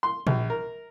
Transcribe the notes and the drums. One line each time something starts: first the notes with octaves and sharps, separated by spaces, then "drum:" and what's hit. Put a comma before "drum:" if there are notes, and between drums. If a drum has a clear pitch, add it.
C6
A#1, drum: tom A#2
A#4